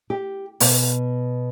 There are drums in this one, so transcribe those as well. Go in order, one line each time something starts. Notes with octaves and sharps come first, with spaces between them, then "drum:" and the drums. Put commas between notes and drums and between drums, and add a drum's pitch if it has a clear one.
G4
B2, drum: open hi-hat